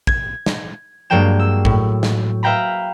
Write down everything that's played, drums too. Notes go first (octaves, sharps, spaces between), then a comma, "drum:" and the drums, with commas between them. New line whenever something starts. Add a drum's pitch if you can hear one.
G#6, drum: kick
drum: snare
G2 F#3 G#3 A#3 G5 E7
E6
A2, drum: kick
drum: snare
B4 E5 F5 G5 A#5 B5